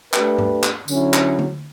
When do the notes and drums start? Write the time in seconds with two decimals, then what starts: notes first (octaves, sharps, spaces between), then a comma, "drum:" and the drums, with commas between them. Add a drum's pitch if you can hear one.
0.14 A3 D4 G4 B4, drum: clap
0.38 drum: tom G#2
0.64 drum: clap
0.88 D3 F#3 C#4 E4, drum: tambourine
1.14 drum: clap
1.39 drum: tom D3